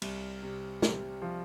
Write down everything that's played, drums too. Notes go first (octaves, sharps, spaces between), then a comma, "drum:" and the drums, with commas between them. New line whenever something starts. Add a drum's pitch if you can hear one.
C2, drum: cymbal
C3
C3, drum: snare
F3